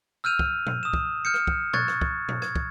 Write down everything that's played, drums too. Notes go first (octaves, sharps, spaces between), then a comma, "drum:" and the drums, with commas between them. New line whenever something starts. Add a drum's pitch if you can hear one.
E6 F6 G6 D#7 F7
drum: kick
drum: tom A#2
D#6 E7
drum: kick
F6 G6 C#7
drum: rim click
drum: kick
C#6 F#6 G#6 A6, drum: tom A#2
drum: rim click
drum: kick
drum: tom A#2
G#6, drum: rim click
drum: kick